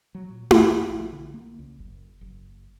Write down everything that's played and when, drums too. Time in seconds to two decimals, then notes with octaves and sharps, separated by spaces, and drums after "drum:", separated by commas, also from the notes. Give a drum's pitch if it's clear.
0.15 F#3
0.30 A#2
0.51 F#2, drum: tom E4
0.70 D#3
0.89 A#1
1.12 D3
1.34 A#3
1.59 C#2
1.79 F#1
2.21 F#1